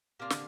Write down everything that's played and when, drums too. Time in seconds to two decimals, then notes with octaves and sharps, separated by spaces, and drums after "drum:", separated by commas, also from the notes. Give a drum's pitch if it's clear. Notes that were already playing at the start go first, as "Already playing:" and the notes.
0.19 C3 A#3 D4 F4
0.30 D3, drum: snare